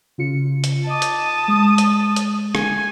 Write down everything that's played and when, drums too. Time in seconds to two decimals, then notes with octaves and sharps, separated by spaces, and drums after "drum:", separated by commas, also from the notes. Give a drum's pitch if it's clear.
0.18 C#3 F4 C#7
0.64 drum: hi-hat
0.87 D#5 A5 D6 D#6
1.02 drum: hi-hat
1.48 G#3
1.78 drum: hi-hat
2.16 drum: hi-hat
2.55 G#5, drum: rim click